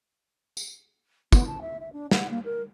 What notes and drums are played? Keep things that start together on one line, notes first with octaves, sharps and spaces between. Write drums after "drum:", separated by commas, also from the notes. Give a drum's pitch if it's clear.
drum: tambourine
B3, drum: kick, tambourine
A5
E5
E5
D4
F#5, drum: snare
A#3
A#4